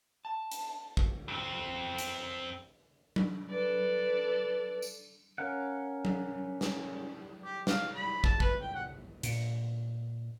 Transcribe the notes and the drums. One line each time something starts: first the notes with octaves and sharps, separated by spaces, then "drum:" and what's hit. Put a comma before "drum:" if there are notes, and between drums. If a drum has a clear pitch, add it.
A5
drum: hi-hat
drum: kick
F2 C4
drum: hi-hat
drum: tom F#3
A4 B4 D5
drum: tambourine
C#4 A#4 F5 F#5
drum: tom F#3
drum: snare
G4
F5, drum: snare
B5
A5, drum: kick
B4, drum: kick
G5
F#5
A#2, drum: hi-hat